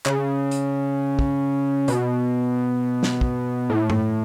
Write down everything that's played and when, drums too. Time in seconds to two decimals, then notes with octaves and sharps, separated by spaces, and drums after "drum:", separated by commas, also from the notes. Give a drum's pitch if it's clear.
0.06 C#3, drum: clap
0.51 drum: hi-hat
1.19 drum: kick
1.88 B2, drum: hi-hat
3.03 drum: snare
3.21 drum: kick
3.70 A2
3.90 drum: tom G2